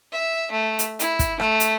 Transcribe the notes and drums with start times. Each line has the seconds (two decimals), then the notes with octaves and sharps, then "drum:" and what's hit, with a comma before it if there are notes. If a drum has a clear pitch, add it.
0.12 E5
0.51 A3
0.79 drum: hi-hat
0.99 E4, drum: hi-hat
1.19 drum: kick, hi-hat
1.40 A3, drum: rim click
1.60 drum: hi-hat